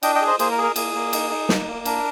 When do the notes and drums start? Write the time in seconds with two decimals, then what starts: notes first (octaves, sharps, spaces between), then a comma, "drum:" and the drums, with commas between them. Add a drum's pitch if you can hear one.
0.03 D4 D#5 G5, drum: cymbal
0.15 D#5 G5
0.21 G#4
0.27 C5 D#5
0.39 A#3 G#4 C5, drum: cymbal
0.51 A#4
0.58 G#4
0.63 A#4
0.76 A#3 G#4, drum: cymbal
0.94 A#3
1.13 D#4, drum: cymbal
1.30 D#4
1.49 A#3, drum: snare
1.67 A#3
1.85 D4 A#4, drum: cymbal